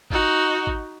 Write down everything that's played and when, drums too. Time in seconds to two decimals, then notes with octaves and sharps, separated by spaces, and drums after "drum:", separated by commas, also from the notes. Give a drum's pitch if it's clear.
0.11 D#4 F#4, drum: kick G#1
0.67 drum: kick G#1